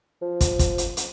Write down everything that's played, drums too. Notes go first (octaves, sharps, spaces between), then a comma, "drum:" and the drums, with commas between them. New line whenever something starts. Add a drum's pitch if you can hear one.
F3
drum: kick, hi-hat
drum: kick, hi-hat
drum: hi-hat
drum: hi-hat